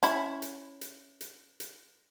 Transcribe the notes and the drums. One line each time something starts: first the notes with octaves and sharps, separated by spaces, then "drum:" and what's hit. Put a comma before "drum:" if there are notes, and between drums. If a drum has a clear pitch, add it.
C#4 E4 B5, drum: hi-hat
drum: hi-hat
drum: hi-hat
drum: hi-hat
drum: hi-hat